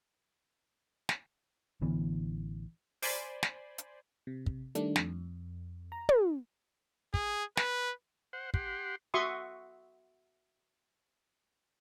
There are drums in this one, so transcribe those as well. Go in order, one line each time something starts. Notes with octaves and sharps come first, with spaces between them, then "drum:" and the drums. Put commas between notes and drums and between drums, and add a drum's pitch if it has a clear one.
drum: snare
A1 D3 E3 B3
C5 D5 G#5 B5 C6, drum: open hi-hat
drum: snare
drum: hi-hat
C3
drum: kick
D#3 G3 A3 D4, drum: hi-hat
F2, drum: snare
A#5
drum: tom
G#4, drum: kick
B4, drum: snare
C5 F#5
G4 F#5 C6, drum: kick
F#4 E5 C6 C#6 D#6